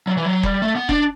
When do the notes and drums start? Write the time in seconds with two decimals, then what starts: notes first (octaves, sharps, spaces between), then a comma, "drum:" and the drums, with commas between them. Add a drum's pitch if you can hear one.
0.07 F#3
0.17 E3
0.25 F#3
0.43 G3, drum: kick F1
0.62 A3
0.75 B3
0.89 D4, drum: kick F1